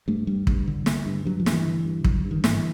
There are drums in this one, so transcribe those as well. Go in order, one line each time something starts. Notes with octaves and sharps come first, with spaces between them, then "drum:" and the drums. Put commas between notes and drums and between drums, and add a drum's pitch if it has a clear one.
G2 A3
G2 G3
G2, drum: kick
D3
D3, drum: snare
G2
G2 F#3
F3
G2, drum: snare
E3
D3
G2
D3 F#3, drum: kick
G2
D#3
G#2 E3, drum: snare